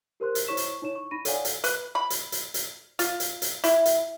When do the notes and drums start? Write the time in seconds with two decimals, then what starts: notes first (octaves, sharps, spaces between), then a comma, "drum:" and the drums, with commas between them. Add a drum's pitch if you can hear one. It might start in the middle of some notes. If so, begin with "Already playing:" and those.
0.20 G4 A#4 C5 C6 F#6
0.35 drum: hi-hat
0.47 E4 C5 C#5 C#6 B6 E7
0.57 drum: hi-hat
0.82 D#4 E4 C#5 E7
0.96 C#6
1.11 D#4 B5 A#6 D#7
1.25 A4 C#5 D5 F5 F#5 G#5, drum: hi-hat
1.45 drum: hi-hat
1.64 B4, drum: hi-hat
1.95 B5
2.10 drum: hi-hat
2.32 drum: hi-hat
2.54 drum: hi-hat
2.99 F4, drum: hi-hat
3.20 drum: hi-hat
3.42 drum: hi-hat
3.64 E4, drum: hi-hat
3.86 drum: hi-hat